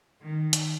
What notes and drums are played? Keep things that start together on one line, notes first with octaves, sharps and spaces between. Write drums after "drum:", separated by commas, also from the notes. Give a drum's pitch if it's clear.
D#3
drum: hi-hat